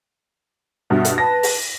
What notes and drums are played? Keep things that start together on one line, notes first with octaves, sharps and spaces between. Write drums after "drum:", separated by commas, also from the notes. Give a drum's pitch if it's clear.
G2 B2 E5
drum: hi-hat
B4 A5 A#6
drum: open hi-hat